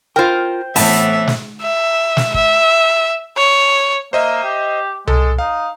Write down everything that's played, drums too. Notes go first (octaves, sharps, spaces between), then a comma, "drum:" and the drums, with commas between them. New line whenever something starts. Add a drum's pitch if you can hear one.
F4 A#4 C5 G5
A2 E3 B3 C4 E5 A5, drum: open hi-hat
drum: snare
E5
drum: snare
E5, drum: kick
C#5
A#3 C5 D#5 E5
G4
G#3 A4, drum: tom C2
D#4 F5